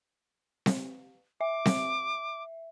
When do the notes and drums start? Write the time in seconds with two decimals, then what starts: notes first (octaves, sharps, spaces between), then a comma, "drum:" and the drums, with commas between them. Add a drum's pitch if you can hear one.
0.66 drum: snare C4
1.41 E5 D6
1.65 drum: snare C4